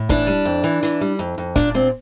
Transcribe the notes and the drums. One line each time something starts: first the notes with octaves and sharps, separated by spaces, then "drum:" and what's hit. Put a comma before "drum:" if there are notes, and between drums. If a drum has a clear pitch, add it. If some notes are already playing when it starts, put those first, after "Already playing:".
Already playing: A2
E3 D4, drum: kick, hi-hat
G3
F2
E3
E3, drum: hi-hat
G3
F2
F2
A#2 D4, drum: kick, hi-hat
A#2 C4